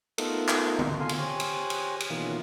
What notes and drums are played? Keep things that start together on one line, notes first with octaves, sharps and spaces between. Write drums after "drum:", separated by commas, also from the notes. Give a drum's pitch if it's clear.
A3 B3 D#4 F4 A4 A#4, drum: cymbal
drum: clap
drum: tom C#3
F4 A4 F5 G#5 C6
drum: cymbal
G4 C5 C#5 G#5
drum: cymbal
drum: cymbal
drum: cymbal
B2 D#3 E3 A#3 C#4 F4